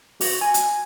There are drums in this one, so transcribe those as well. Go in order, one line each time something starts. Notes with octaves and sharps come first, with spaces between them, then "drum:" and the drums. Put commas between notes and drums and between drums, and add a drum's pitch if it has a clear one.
F#4, drum: open hi-hat
G#5
drum: hi-hat